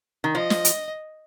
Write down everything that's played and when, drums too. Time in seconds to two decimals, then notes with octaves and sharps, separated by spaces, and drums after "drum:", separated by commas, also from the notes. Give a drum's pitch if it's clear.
0.24 D#3
0.35 F3 D#5
0.50 drum: snare
0.65 drum: hi-hat